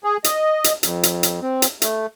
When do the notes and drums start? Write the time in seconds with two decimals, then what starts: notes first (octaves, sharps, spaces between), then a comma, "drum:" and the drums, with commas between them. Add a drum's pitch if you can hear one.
0.04 G#4
0.24 D#5, drum: hi-hat
0.64 drum: hi-hat
0.83 F2, drum: hi-hat
1.03 drum: hi-hat
1.23 drum: hi-hat
1.42 C4
1.62 drum: hi-hat
1.82 A3, drum: hi-hat